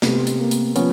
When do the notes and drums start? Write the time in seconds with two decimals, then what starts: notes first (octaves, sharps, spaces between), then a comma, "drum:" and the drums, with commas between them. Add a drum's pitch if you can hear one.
0.02 C3 A3 B3, drum: snare
0.27 drum: hi-hat
0.39 A#3
0.51 drum: hi-hat
0.76 F3 B3 C#4, drum: hi-hat